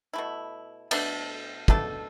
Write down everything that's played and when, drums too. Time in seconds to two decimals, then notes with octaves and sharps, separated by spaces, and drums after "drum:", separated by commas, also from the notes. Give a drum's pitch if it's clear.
0.13 B2 A3 E4
0.91 B2 A3 D4 A4, drum: cymbal
1.68 B2 A3 D4 A4, drum: kick